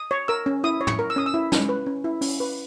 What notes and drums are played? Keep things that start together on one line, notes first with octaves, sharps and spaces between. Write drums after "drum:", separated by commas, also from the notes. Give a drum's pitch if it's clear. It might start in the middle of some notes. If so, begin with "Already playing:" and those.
Already playing: D#6
C#5
A#4 E6
C#4
E4 D#6
C#5
C#6, drum: tom
A#4
E6
C#4 D#6
E6
E4
C#4, drum: snare
B4
C#4
E4
C#4, drum: open hi-hat
B4